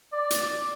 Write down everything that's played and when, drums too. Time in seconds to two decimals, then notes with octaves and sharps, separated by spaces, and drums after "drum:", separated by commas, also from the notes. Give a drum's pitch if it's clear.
0.12 D5
0.30 drum: hi-hat